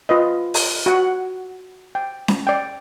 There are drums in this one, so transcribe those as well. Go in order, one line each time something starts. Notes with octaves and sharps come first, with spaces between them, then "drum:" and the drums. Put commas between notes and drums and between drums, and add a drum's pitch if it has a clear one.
F4 B4 D#5
drum: open hi-hat
F#4 F#5
G5
drum: snare C#4
D5 G5